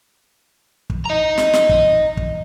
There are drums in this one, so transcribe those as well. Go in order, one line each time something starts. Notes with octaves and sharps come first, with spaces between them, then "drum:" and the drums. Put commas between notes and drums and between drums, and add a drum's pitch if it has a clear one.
drum: kick
D#5 A#5
drum: snare
drum: snare
drum: kick
drum: kick